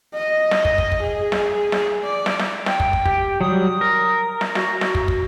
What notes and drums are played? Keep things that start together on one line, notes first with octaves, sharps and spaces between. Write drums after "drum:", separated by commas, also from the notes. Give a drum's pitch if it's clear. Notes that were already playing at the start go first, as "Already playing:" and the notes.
D#5
drum: snare
drum: kick
drum: kick
drum: kick
G#4
drum: snare
drum: snare
D5
drum: snare
drum: snare
G5, drum: snare
drum: kick
drum: kick
G4, drum: kick
F#3 G3 D#6
A#4
drum: snare
F#4, drum: snare
drum: snare
drum: kick
drum: kick